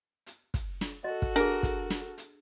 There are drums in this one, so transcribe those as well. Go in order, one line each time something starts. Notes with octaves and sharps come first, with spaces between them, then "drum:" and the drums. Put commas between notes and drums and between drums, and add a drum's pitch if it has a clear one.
drum: hi-hat
drum: kick, hi-hat
drum: snare
F#4 A4 D#5
drum: kick
D4 G#4 A#4, drum: hi-hat
drum: kick, hi-hat
drum: snare
drum: hi-hat